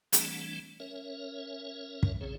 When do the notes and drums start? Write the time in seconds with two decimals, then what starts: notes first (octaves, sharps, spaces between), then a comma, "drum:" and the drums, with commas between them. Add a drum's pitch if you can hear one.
0.13 E3 G3 A3 C4 D4, drum: hi-hat
0.80 C#4 A#4 C#5 E5
2.03 drum: kick
2.21 A#1 A2 C#3 C4 G#4 C#5